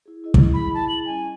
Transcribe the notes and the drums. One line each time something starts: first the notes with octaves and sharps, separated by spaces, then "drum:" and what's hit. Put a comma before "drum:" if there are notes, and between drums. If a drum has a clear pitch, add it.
E4 G#4
E4 G#4 D#5
drum: kick
B5
A5
F#7
G3 C#4 G#5